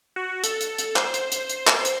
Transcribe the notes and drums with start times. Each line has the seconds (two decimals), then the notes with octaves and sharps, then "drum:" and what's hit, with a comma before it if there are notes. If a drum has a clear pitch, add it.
0.16 F#4
0.44 A4, drum: hi-hat
0.61 drum: hi-hat
0.78 drum: hi-hat
0.96 C5, drum: clap
1.14 drum: hi-hat
1.32 drum: hi-hat
1.49 drum: hi-hat
1.67 drum: clap
1.85 drum: hi-hat